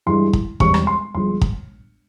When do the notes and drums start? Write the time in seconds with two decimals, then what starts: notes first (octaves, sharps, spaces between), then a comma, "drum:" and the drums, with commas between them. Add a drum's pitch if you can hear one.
0.06 G2 E3 G#3 E4 C6
0.33 drum: kick
0.60 E1 E2 E3 G3 C4 C#6, drum: kick
0.74 drum: rim click
0.87 C6
1.14 G1 F3 G#3 C6
1.41 drum: kick